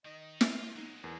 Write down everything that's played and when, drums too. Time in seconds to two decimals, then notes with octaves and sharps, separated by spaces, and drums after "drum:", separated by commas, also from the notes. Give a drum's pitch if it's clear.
0.05 D#3 D#4 D#5
0.41 F4 E5, drum: snare
0.76 F#3 G#3 D#4
1.04 E2 A#4